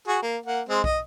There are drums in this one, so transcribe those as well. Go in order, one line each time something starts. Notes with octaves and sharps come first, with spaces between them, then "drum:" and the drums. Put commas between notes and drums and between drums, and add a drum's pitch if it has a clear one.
F#4 G#4
A#3
A#3 F#5
G#3 C4
D#5, drum: kick